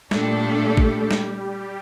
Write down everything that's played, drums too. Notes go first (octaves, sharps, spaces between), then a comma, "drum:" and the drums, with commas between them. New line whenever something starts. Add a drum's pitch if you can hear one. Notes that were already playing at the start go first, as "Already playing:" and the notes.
A#2 G3 A3 D4 G4 A4, drum: snare
drum: kick G#1
drum: snare
G3 G4